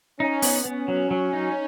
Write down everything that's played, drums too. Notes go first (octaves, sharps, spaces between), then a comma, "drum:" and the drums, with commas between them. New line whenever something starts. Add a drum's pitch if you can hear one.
C#4 D#4
B3, drum: open hi-hat
B3 C#4
F#3
F#3
D#4